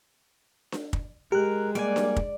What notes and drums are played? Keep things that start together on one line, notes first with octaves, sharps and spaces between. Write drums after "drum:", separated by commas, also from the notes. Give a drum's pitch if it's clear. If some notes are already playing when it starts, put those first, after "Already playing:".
drum: snare D4
drum: kick
G#3 G4 A#4 F#6
G3 A#3 D5 G#5
drum: snare D4
drum: kick